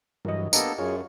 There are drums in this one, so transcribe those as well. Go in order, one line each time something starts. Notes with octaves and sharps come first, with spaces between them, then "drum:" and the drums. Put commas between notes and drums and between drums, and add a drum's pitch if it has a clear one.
G2 E3 F#3 A#4 D#5
A#3 B3 D4 G4 A4 D#5 A#5, drum: tambourine
F#2 F4 G#4 C#5 F5